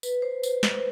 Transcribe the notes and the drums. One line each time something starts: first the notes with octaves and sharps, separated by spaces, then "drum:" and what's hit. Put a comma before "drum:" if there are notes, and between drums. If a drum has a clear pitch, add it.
B4, drum: tambourine
C5
C5, drum: tambourine
drum: snare